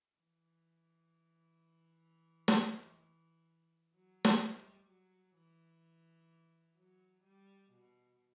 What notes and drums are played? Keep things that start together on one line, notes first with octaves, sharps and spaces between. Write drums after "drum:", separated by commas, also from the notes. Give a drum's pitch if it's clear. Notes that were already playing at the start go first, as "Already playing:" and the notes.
E3
drum: snare
F#3
drum: snare
G3
F#3
E3
F#3
G3
B2